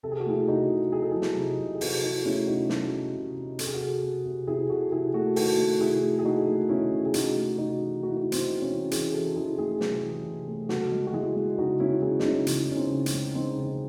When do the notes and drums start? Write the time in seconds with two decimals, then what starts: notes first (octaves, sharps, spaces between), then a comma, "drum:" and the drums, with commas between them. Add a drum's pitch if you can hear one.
0.03 C3 A4
0.12 G#4
0.20 F#4
0.26 A3 E4 G#4
0.48 C3 D#4 F#4
0.70 C3
0.92 C3 G#4
1.02 A4
1.11 F#3 E4 G#4
1.22 drum: snare
1.37 C3
1.59 C3
1.75 G#4
1.81 C3 F#4 A4, drum: open hi-hat
2.03 C3 E4 G#4
2.25 A3 C#4 E4
2.47 C3 D#4 F#4
2.69 C3 F#4 A4, drum: snare
2.92 C3
3.15 C3
3.37 C3
3.59 C3 A4, drum: hi-hat
3.67 G#4
3.74 F#4 A4
3.80 C3
4.03 C3
4.25 C3
4.47 C3 E4 G#4
4.70 C3 F#4 A4
4.92 C3 E4 G#4
5.14 A3 F#4 A4
5.36 D#3 F#4 A4, drum: open hi-hat
5.58 A3
5.81 C3 E4 G#4
6.03 A3
6.19 G#4
6.25 A3 D#4 F#4
6.47 A3
6.69 D#3 C#4 E4
6.92 C3
7.05 G#4
7.14 A3 D#4 F#4, drum: hi-hat
7.36 A3
7.58 C3 D#4 F#4
7.80 E3
8.03 A3 F#4
8.10 E4
8.17 D#4 F#4
8.25 C3
8.32 C4 D#4, drum: hi-hat
8.47 C3
8.62 C#4 E4
8.69 E3
8.91 E3 E4 G#4, drum: hi-hat
9.14 E3 F#4 A4
9.36 E3 E4 G#4
9.58 A3 E4 G#4
9.81 C3, drum: snare
10.02 E3
10.25 C3
10.47 A3
10.69 C#3 F#4 A4, drum: snare
10.91 G#3
11.07 F#4
11.13 G#3 E4 G#4
11.36 G#3
11.58 C#3 D#4 F#4
11.80 G#3 C#4 E4
12.02 G#3 E4 G#4
12.20 D#4, drum: snare
12.25 C#3 C#4 E4
12.47 C#3 C#4 E4, drum: hi-hat
12.70 C#3 C#4
12.76 C4 D#4
12.91 C#3
13.06 C#4, drum: hi-hat
13.13 G#3
13.35 G#3 C4 D#4
13.50 D#4
13.58 C#3 C#4